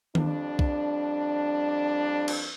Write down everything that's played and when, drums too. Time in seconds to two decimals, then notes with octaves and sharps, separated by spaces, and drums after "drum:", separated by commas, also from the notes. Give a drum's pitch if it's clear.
0.15 F2 G3 D4, drum: tom D#3
0.59 drum: kick
2.28 drum: cymbal